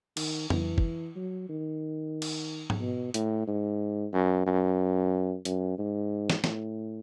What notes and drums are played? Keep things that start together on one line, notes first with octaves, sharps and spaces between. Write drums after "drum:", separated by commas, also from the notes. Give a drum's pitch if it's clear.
D#3, drum: cymbal
E3, drum: tom
drum: kick
F#3
D#3
drum: cymbal
drum: tom G#2
B2
A2, drum: hi-hat
G#2
F#2
F#2
F#2, drum: hi-hat
G#2
drum: snare
A2, drum: snare